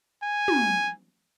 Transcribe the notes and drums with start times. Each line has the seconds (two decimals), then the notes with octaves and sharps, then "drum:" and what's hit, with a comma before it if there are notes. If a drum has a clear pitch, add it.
0.23 G#5
0.48 drum: tom